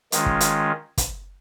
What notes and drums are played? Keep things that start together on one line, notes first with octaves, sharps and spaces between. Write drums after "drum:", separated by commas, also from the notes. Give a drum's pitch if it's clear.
D#3 G#3 C#4 F4, drum: hi-hat
drum: kick
drum: hi-hat
drum: kick, hi-hat